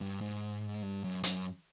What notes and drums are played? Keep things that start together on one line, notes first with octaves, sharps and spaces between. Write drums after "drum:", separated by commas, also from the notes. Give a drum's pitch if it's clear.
G2
G#2
G2
F#2
F#2, drum: hi-hat